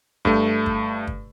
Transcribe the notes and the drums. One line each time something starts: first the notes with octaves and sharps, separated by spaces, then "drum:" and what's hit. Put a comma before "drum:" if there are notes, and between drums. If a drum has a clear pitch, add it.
G2 A3, drum: kick
drum: kick
drum: kick